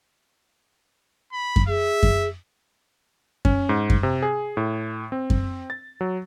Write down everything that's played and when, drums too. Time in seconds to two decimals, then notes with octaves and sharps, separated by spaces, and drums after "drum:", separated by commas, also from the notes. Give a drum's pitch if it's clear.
1.33 B5
1.56 drum: kick F#2
1.68 G#4 E5
2.03 drum: kick F#2
3.45 C#4, drum: kick F#2
3.69 G#2
3.90 drum: kick F#2
4.03 C3
4.23 G#4
4.57 A2
5.12 C4
5.30 drum: kick F#2
5.70 A6
6.01 F#3